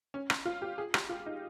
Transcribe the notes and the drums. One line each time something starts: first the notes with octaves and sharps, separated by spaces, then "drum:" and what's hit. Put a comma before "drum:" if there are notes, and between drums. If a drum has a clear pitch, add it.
C#4
drum: rim click
F4
G4
G#4
G4, drum: rim click
F4
D#4